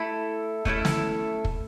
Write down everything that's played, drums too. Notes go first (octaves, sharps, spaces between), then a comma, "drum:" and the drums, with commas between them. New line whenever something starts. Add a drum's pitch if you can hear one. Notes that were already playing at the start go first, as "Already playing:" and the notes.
Already playing: A3 E4 A4 B5
A3 C#4 E4 A4, drum: kick
drum: snare
drum: kick